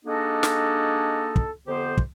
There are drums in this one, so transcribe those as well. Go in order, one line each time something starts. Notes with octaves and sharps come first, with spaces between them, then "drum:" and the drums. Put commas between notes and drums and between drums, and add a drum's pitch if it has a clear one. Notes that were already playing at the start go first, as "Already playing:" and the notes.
G#3 A#3 D4 D#4 F#4 A4
drum: snare
drum: kick
F2 D3 B3 G4 C5
drum: kick